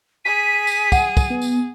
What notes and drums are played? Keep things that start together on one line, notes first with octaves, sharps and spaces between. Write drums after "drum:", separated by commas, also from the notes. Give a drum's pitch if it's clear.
G#4 B6 D#7
drum: tambourine
F#5 G5, drum: kick, tambourine
drum: kick, tambourine
B3
drum: tambourine